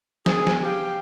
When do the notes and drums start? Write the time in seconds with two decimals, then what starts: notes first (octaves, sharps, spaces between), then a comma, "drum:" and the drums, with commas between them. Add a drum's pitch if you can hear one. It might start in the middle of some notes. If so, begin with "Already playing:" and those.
0.26 G#4, drum: snare
0.47 drum: snare
0.63 G4 F5 G5